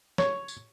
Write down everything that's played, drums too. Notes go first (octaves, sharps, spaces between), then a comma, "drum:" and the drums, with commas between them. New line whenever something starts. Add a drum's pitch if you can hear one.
C#5, drum: snare
drum: tambourine